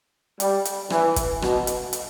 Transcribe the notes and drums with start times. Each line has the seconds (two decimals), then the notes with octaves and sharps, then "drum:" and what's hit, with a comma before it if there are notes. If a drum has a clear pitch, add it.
0.40 G3, drum: hi-hat
0.65 drum: hi-hat
0.90 E3, drum: rim click
1.16 drum: kick, hi-hat
1.42 B2, drum: rim click
1.67 drum: hi-hat
1.93 drum: hi-hat